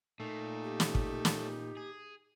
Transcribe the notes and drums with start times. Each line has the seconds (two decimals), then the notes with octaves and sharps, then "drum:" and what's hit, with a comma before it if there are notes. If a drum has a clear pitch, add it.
0.20 A#2 A3 D#4
0.64 G4
0.80 drum: snare
0.95 drum: kick
1.25 drum: snare
1.77 G#4